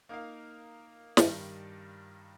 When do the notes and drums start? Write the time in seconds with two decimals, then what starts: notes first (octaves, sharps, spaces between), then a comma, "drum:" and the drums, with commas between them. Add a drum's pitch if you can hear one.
0.09 A#3 D#4 A#4 F5
1.17 G2 D#3 G3 D4, drum: snare